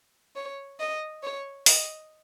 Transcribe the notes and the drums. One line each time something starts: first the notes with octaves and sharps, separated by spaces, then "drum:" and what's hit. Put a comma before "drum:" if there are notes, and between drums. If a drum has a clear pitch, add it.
C#5
D#5
C#5
D#5, drum: open hi-hat